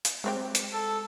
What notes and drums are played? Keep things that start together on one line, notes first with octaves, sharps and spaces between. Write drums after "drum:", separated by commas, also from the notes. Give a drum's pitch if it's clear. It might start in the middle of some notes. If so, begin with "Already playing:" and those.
drum: hi-hat
F#3 G#3 C4 G4
drum: hi-hat
A4